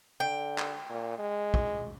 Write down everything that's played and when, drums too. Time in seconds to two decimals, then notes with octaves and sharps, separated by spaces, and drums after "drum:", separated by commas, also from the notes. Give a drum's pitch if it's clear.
0.20 D3 G5
0.58 drum: clap
0.90 A#2
1.19 G#3
1.54 drum: kick